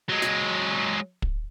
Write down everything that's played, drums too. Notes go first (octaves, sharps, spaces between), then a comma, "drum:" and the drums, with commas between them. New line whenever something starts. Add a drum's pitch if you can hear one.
F#3 G#3
drum: snare
drum: kick